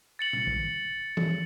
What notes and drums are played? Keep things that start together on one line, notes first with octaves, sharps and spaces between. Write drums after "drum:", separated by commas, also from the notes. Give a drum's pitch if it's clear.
A6 C#7 F#7
drum: tom A#2
drum: kick
drum: tom E3